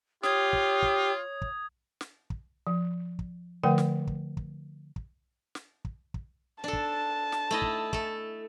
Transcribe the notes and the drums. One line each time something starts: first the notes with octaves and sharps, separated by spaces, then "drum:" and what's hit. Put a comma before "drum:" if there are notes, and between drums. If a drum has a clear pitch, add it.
F4 G4 C#5 D#6 G#6, drum: snare
drum: kick
drum: kick
drum: kick
drum: snare
drum: kick
F3
drum: kick
D3 F3 A3 A#4 F#5 G5
drum: snare
drum: kick
drum: kick
drum: kick
drum: snare
drum: kick
drum: kick
D4 A4 A5
drum: kick
drum: snare
A3 E4 D#5
drum: kick
A3 A4, drum: kick